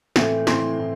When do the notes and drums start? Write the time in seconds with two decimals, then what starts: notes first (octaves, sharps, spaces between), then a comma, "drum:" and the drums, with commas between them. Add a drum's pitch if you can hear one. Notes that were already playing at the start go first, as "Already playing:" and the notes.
0.16 A2 E3 A3 C4, drum: snare
0.47 A2 E3 A3 C4 C6, drum: snare
0.79 A2